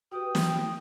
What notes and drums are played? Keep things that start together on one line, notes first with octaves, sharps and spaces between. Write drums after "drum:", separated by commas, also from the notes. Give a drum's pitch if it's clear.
F#4 G4 B4 G5 D#6
drum: snare